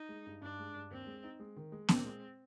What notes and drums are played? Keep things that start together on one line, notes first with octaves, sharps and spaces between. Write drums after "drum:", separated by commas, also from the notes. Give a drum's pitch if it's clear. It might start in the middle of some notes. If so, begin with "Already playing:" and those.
Already playing: D#4
G#3
G2
G2 D4
G#3
G2
D#2 C4
G#3
D#4
G#3
D#3
G#3
A#2 C4, drum: snare B3
G#3